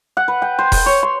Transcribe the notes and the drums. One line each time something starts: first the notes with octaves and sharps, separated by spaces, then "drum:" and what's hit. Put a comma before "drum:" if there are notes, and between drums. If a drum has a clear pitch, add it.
F#5
B4
G5
C5
C5, drum: kick E1, open hi-hat
C#5
C6